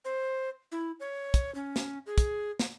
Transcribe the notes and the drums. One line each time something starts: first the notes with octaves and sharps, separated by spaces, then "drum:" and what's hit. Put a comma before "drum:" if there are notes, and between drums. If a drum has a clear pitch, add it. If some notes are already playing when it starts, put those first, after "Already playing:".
C5
E4
C#5
drum: kick, hi-hat
C#4
drum: snare
G#4
drum: kick, hi-hat
drum: snare